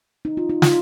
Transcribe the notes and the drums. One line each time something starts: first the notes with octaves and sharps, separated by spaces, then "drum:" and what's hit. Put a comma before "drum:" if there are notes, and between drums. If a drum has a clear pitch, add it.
D#4
F4
D#4
F4, drum: snare